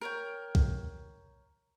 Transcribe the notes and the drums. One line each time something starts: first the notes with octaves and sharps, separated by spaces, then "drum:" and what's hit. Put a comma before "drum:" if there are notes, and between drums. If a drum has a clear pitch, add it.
A#4 C#5 G5
drum: kick B1